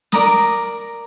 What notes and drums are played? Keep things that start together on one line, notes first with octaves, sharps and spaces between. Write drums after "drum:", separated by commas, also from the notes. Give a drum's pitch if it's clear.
A#4 D5 A#5 D#6, drum: snare
drum: hi-hat